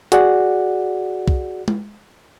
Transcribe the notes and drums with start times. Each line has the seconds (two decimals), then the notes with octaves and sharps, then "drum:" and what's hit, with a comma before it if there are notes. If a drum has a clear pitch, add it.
0.12 F#4 G#4 D5 F#5, drum: hi-hat
1.28 drum: kick
1.68 drum: tom